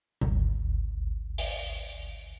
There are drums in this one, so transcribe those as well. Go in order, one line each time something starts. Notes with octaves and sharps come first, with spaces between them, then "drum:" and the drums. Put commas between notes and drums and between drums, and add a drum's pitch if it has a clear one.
G#1 D2, drum: tom B2
drum: open hi-hat